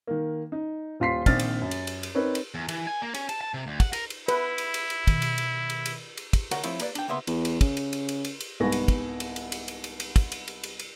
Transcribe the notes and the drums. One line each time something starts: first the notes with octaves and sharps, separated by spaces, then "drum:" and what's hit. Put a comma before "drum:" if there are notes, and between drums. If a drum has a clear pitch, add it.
D#3 A#3
D#4
D#1 F4 C6 B6 C7
A#1 D#3 C4 D4 F6 A6, drum: kick, cymbal
drum: cymbal
F#2
drum: cymbal
drum: cymbal
drum: cymbal
C4 D#4 A#4 B4 C#5
drum: cymbal
E2
E3, drum: cymbal
G#5
A#3
C#4, drum: cymbal
A5, drum: cymbal
A5
C3
D2
F#5, drum: kick, cymbal
A#4, drum: cymbal
drum: cymbal
E4 B4, drum: cymbal
drum: cymbal
drum: cymbal
drum: cymbal
B2 D#3, drum: kick, cymbal
drum: cymbal
drum: cymbal
drum: cymbal
drum: cymbal
drum: cymbal
drum: kick, cymbal
D2 F#4 A#4 C#5 F#5, drum: cymbal
F3 A3 C4 E4 C#5, drum: cymbal
A#3 B4 D5, drum: cymbal
D4 G5, drum: cymbal
C#3 A#3 B3 E5 C6
E2, drum: cymbal
drum: cymbal
C#3, drum: kick, cymbal
drum: cymbal
drum: cymbal
drum: cymbal
drum: cymbal
drum: cymbal
C2 G#2 B3 G#5 C#6 A#6
drum: cymbal
drum: kick, cymbal
drum: cymbal
drum: cymbal
drum: cymbal
drum: cymbal
drum: cymbal
drum: cymbal
drum: kick, cymbal
drum: cymbal
drum: cymbal
drum: cymbal
drum: cymbal